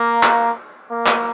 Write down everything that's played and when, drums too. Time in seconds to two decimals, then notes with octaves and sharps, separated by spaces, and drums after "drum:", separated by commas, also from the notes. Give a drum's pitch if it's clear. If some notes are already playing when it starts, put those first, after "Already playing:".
Already playing: A#3
0.23 drum: clap
0.90 A#3
1.07 drum: clap